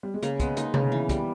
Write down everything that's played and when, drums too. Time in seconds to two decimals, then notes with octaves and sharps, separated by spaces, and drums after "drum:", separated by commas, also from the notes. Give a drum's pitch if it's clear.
0.03 G3
0.14 G#3
0.23 C#3 A#3, drum: hi-hat
0.40 G#3 B3, drum: kick, hi-hat
0.57 A#3 D#4, drum: hi-hat
0.74 C#3, drum: tom C3
0.92 E3
1.09 G3, drum: kick, hi-hat